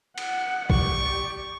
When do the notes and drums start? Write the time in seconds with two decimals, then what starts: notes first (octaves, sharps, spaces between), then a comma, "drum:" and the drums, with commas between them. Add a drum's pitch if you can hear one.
0.18 F#5, drum: cymbal
0.70 G4 D5 C#6, drum: kick